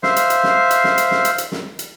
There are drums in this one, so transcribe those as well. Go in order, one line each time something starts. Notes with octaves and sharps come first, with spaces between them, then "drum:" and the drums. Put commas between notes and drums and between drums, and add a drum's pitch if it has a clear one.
C5 E5 F5, drum: snare
drum: hi-hat
drum: hi-hat
drum: snare
drum: hi-hat
drum: snare
drum: hi-hat
drum: snare
drum: hi-hat
drum: hi-hat
drum: snare
drum: hi-hat